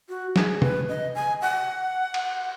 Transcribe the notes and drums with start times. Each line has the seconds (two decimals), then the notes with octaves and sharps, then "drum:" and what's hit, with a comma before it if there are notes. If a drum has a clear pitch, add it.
0.09 F#4
0.36 G#4, drum: snare
0.62 B4, drum: tom
0.89 D#5
1.15 G#5
1.41 F#5
2.14 drum: cymbal